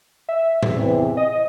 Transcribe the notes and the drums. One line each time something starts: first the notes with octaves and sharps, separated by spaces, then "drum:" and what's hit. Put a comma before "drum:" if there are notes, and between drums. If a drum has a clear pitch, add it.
E5
drum: tom A2
E2 C3 E3
D#5